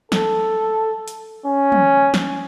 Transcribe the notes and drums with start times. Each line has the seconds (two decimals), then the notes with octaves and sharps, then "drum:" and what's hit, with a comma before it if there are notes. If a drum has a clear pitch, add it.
0.12 A4, drum: snare
1.08 drum: hi-hat
1.46 C#4
1.72 drum: tom
2.14 drum: snare